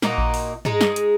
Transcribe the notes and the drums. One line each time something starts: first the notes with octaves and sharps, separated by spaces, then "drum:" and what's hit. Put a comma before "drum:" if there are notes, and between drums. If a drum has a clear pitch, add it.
A#2 A#3 D#4 F#4, drum: snare
drum: kick A1
drum: open hi-hat
G#3 D#4 G#4, drum: tom
drum: snare
drum: hi-hat